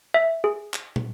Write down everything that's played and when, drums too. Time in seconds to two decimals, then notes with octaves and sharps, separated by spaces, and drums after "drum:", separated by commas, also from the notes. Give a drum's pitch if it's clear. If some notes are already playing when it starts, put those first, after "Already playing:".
0.14 E5
0.44 G#4
0.74 drum: clap
0.96 drum: tom